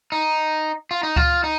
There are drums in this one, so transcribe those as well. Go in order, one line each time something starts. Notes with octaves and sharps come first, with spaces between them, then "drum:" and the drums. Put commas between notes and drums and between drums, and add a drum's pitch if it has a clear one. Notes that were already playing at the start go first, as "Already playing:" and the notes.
D#4
F4
D#4
F4, drum: kick C#2
D#4